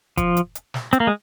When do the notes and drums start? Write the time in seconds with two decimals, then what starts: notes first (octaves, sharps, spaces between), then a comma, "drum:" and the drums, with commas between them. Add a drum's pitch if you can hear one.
0.17 F3, drum: kick, hi-hat
0.37 drum: hi-hat
0.55 drum: hi-hat
0.74 drum: snare
0.93 C4, drum: hi-hat
1.00 A#3
1.07 G#3